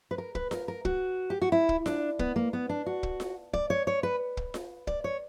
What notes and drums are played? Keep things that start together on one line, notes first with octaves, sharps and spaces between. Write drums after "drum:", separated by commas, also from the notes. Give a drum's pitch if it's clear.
B4
A#4
B4, drum: kick
A#4, drum: snare F4
A#4
F#4, drum: kick
G4
F#4
E4
drum: kick
D4, drum: snare F4
B3, drum: kick
A#3
B3
D4
F#4
drum: kick
drum: snare F4
D5, drum: kick
C#5
C#5
B4
drum: kick
drum: snare F4
D5, drum: kick
C#5